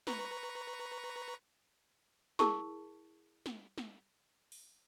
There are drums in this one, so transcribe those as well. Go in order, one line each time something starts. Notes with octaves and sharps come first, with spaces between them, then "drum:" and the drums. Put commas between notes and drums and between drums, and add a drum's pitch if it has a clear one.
B4 A#5 C#6, drum: snare
E4 G#4 A#4 A5 C#6, drum: snare
drum: snare
drum: snare
drum: open hi-hat